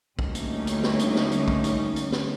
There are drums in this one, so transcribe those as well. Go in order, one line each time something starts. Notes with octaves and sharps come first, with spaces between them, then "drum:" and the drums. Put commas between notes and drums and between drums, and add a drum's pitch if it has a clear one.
D2 G3 A#3 C#4 D#4, drum: kick
drum: hi-hat
drum: hi-hat
drum: snare
drum: hi-hat
drum: snare
drum: hi-hat
drum: kick
drum: hi-hat
drum: hi-hat
drum: snare